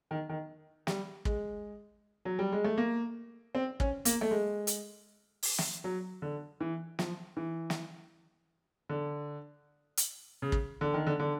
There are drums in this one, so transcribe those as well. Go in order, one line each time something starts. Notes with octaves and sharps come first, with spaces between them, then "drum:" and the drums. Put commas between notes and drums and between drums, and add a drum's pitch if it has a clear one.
D#3
D#3
G3, drum: snare
G#3, drum: kick
F#3
G3
G#3
A3
A#3
C4
C#4, drum: kick
A#3, drum: hi-hat
A3
G#3
drum: hi-hat
drum: open hi-hat
drum: snare
F#3
D3
E3
F3, drum: snare
E3
drum: snare
D3
drum: hi-hat
C#3
drum: kick
D3
D#3
D3
D3